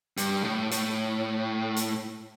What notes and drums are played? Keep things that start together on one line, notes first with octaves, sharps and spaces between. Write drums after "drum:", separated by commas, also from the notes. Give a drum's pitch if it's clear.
G2, drum: hi-hat
A2
A2, drum: hi-hat
drum: hi-hat